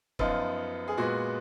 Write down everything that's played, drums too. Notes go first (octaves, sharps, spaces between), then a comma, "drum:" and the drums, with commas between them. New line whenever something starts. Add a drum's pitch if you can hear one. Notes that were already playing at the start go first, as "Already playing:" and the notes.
F#2 F3 B3 D#4 F4, drum: kick
G#4
A#2 G#3 B3 F#4